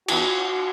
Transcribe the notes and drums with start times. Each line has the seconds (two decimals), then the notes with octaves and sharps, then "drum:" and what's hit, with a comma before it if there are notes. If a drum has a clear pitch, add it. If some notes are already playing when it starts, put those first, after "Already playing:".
0.08 E2 E3 B3 F#4, drum: cymbal